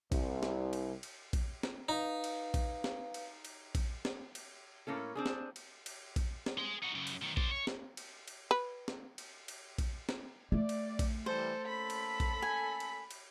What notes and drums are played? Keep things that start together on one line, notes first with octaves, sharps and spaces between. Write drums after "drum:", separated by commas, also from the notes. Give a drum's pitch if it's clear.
C2, drum: kick A#1, cymbal
drum: snare
drum: cymbal
drum: cymbal
drum: kick A#1, cymbal
drum: snare
D#4 B4 F5
drum: cymbal
drum: kick A#1, cymbal
drum: snare
drum: cymbal
drum: cymbal
drum: kick A#1, cymbal
drum: snare
drum: cymbal
A2 A#3 C#4 A4
C4 D4 G#4
drum: snare
drum: cymbal
drum: cymbal
drum: kick A#1, cymbal
drum: snare
G#4 C6
D#4 F#4
F#2 C#3
drum: cymbal
B1 D#3
C5 D5, drum: kick A#1
C#5
drum: snare
drum: cymbal
drum: cymbal
B4
drum: snare
drum: cymbal
drum: cymbal
drum: kick A#1, cymbal
drum: snare
A3 D5
drum: cymbal
drum: kick A#1, cymbal
E3 G3 A4 C5
A#3 C#4 A4 B5 B6
drum: cymbal
drum: kick A#1, cymbal
G#5
drum: cymbal
drum: cymbal